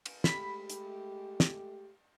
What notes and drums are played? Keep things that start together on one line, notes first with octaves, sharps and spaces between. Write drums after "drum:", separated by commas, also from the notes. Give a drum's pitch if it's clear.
drum: cymbal
G#3 A3 G4 B5, drum: snare
drum: hi-hat
drum: snare